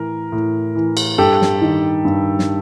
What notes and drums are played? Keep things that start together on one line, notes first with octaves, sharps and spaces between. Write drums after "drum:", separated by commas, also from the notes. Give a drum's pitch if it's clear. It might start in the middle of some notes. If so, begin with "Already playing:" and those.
Already playing: A2 E3 A#4
A2
E3
drum: cymbal
G2 G4 A4
drum: snare
D#3
G2
drum: snare